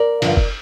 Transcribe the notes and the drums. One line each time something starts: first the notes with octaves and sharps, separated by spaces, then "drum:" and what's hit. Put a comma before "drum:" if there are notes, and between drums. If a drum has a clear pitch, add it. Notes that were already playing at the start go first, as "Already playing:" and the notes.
Already playing: A#4 D5
G2 D3 F3, drum: cymbal
drum: kick